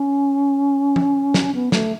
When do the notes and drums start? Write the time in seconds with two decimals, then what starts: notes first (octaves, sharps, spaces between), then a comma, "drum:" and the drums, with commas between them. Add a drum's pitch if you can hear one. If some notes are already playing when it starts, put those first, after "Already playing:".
Already playing: C#4
0.96 drum: tom F3
1.34 drum: snare
1.54 B3
1.72 A3, drum: snare